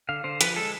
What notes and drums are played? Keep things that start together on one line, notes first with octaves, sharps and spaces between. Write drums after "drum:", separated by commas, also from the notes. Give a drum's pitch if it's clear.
D3 F5
D3 C5
F3 B4, drum: hi-hat
G#3 A4